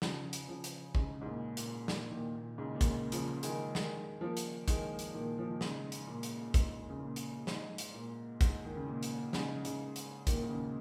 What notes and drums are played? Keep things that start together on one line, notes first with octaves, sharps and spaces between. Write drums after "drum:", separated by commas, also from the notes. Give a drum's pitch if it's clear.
C#3 F3, drum: snare
drum: hi-hat
C#3 F3
drum: hi-hat
G#2 C#3, drum: kick
G#2
A#2
A#2, drum: hi-hat
A#2, drum: snare
A#2 D#3
A#2
G#2 C#3
A#2
G#2 C#3, drum: kick, hi-hat
C#3 F3, drum: hi-hat
D#3 G#3, drum: hi-hat
D#3 G#3, drum: snare
F3 A#3
drum: hi-hat
D#3 G#3, drum: kick, hi-hat
drum: hi-hat
A#2 D#3
F3
D#3
G#2 C#3, drum: snare
drum: hi-hat
A#2
drum: hi-hat
G#2, drum: kick, hi-hat
C#3
A#2
drum: hi-hat
G#2, drum: snare
drum: hi-hat
A#2
G#2, drum: kick, hi-hat
D#3
C#3
A#2
drum: hi-hat
G#2 C#3, drum: snare
G#2 C#3, drum: hi-hat
drum: hi-hat
A#2 D#3, drum: kick, hi-hat
D#3
G#2 C#3